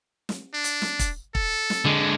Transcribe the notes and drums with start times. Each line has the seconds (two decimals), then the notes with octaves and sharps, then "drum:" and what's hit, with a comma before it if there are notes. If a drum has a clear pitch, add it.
0.29 drum: snare
0.54 D4
0.64 drum: hi-hat
0.82 drum: snare
0.99 drum: kick, hi-hat
1.35 A4, drum: kick
1.70 drum: snare
1.85 D3 G#3